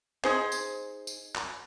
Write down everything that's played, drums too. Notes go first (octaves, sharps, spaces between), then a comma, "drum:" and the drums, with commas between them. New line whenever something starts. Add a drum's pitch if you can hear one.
D#4 G#4 C5, drum: clap
drum: tambourine
drum: tambourine
drum: clap